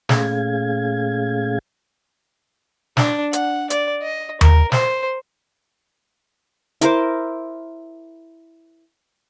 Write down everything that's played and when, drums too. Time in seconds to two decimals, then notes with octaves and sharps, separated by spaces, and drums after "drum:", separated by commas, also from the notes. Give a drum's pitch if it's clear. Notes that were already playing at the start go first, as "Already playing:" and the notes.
0.09 A#2 A3 C#4 G#4 F5 G#6, drum: snare
2.97 D4, drum: snare
3.33 F#5, drum: hi-hat
3.70 D5, drum: hi-hat
4.03 D#5
4.41 A#4, drum: tom D#2
4.72 C5, drum: snare
6.81 E4 A#4 C5 D6, drum: hi-hat